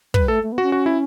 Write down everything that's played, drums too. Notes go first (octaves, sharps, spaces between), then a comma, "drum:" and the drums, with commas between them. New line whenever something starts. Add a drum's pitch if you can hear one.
G3 B4, drum: kick
A3 A4
A3
B3
C#4 F#4
F#4
E4